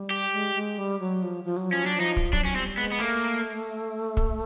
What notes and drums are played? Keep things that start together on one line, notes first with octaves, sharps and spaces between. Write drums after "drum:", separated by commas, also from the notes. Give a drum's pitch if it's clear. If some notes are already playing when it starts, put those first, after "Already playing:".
Already playing: G3
G4
G#3
G#3
G3
F#3
F3
F3
F#3
F3 C#4
F#3 D4
F3 D#4
drum: kick
F#3 D4, drum: kick
C#4
G3 C4
G#3 B3
B3
A3 A#3
drum: kick